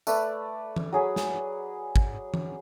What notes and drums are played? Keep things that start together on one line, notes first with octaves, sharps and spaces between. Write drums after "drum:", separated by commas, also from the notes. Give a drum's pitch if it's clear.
A3 B4 D5 B5, drum: tambourine
drum: tom E3
F#3 G#4 G#5 B5
drum: snare
drum: kick G#1
drum: tom E3